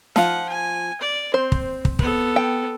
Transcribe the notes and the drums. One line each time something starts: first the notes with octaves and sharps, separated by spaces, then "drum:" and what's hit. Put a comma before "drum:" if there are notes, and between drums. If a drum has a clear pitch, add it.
F3 F4 F#5, drum: snare
G#5
D5
C4 C5
drum: kick
drum: kick
B3 A4, drum: kick
G5